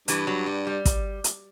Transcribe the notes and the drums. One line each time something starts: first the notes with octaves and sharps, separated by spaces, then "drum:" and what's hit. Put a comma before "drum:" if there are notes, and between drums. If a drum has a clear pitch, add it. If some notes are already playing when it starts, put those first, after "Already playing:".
G2 E3, drum: hi-hat
F#3
G3
G3
drum: kick, hi-hat
drum: hi-hat